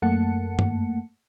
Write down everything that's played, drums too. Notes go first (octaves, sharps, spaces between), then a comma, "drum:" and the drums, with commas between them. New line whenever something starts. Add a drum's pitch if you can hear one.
F#2 A3 A#3 F#5 A5 C#7
drum: tom G2